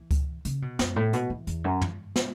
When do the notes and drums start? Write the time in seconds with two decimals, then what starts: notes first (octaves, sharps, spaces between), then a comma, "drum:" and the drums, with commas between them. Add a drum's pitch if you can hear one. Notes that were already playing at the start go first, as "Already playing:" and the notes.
Already playing: E3
0.11 drum: kick C#2, hi-hat
0.45 C#3, drum: hi-hat
0.62 B2
0.79 F#2, drum: snare
0.96 A2
1.13 B2, drum: hi-hat
1.30 E3
1.47 E2, drum: hi-hat
1.64 F#2
1.81 drum: tom
2.16 drum: snare